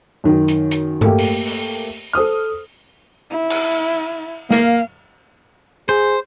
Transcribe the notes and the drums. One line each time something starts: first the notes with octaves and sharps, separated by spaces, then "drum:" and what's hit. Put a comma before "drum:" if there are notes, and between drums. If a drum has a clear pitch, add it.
F#2 D#3
drum: hi-hat
drum: hi-hat
A3 A#3 G4, drum: tom G2
drum: open hi-hat
drum: open hi-hat
A4 C5 D#6 F6
E4
drum: cymbal
A#3 F5, drum: snare
G#4 C5